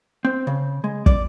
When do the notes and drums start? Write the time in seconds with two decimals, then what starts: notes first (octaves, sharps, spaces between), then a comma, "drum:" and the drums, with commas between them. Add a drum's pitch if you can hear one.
0.25 C4
0.47 C#3
0.84 G#3
1.06 D5, drum: kick